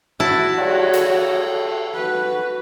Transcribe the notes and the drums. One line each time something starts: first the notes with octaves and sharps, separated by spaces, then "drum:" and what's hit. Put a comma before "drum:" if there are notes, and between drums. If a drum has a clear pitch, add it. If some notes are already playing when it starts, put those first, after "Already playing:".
E4 F#4 A5
G3 C#5, drum: cymbal
A4, drum: hi-hat
F#4 B4